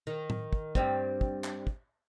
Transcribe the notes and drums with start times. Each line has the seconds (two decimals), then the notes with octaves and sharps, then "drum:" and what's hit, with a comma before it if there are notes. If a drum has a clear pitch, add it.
0.07 D#3
0.30 drum: tom A2
0.53 drum: kick
0.75 G2 G3 C4, drum: kick
1.21 drum: kick
1.44 drum: clap
1.67 drum: kick